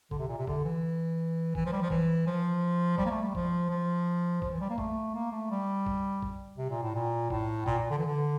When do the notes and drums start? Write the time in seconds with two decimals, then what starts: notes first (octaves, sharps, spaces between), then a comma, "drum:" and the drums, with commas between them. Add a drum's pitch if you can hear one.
0.11 D3, drum: kick
0.19 C3
0.29 A#2
0.38 C3
0.47 D3, drum: kick
0.64 E3
1.55 E3, drum: kick
1.66 F3
1.72 G3
1.82 F3
1.90 E3, drum: kick
2.27 F3
2.98 G3, drum: kick
3.06 A#3
3.11 A3
3.22 G3
3.35 F3, drum: kick
3.70 F3
4.42 F3, drum: kick
4.51 E3
4.61 G3
4.70 A#3
4.78 A3, drum: kick
5.14 A#3
5.32 A3
5.51 G3
5.86 drum: kick
6.22 drum: kick
6.58 C3
6.70 A#2
6.83 A2
6.95 A#2
7.30 A2, drum: kick
7.66 A#2, drum: kick
7.78 A#2
7.91 D3
7.98 E3
8.06 D3